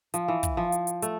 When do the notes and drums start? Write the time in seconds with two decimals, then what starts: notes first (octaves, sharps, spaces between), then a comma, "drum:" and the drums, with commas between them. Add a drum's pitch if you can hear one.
0.14 F3, drum: hi-hat
0.28 E3
0.43 drum: kick, hi-hat
0.57 F3
0.72 drum: hi-hat
0.87 drum: hi-hat
1.02 A3, drum: hi-hat